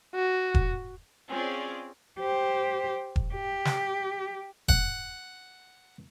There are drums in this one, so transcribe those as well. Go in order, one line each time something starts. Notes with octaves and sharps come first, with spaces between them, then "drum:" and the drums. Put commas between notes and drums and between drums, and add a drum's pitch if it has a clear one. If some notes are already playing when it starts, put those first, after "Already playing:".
F#4
drum: kick E1
C4 C#4 F4 G#4 D5
G4 C5
drum: kick E1
G4
drum: snare
F#5, drum: kick E1